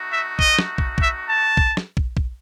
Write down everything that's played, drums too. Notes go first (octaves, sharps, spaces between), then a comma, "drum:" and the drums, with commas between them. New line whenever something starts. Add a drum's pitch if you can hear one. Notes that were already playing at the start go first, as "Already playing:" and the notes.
Already playing: A3 D#4 F#4
E5
D#5, drum: kick
drum: snare
drum: kick
E5, drum: kick
A5
drum: kick
drum: snare
drum: kick
drum: kick